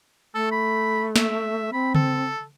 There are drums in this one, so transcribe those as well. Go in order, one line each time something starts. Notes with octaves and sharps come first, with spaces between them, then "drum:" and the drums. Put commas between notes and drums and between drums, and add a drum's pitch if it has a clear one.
A3 A4
B5
E5, drum: snare
C4 B5
A4, drum: tom C#3